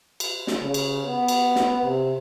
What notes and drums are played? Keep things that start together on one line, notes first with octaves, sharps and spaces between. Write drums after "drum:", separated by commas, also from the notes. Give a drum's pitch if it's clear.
drum: cymbal
drum: snare
C#3
drum: cymbal
B3
drum: cymbal
drum: snare
C3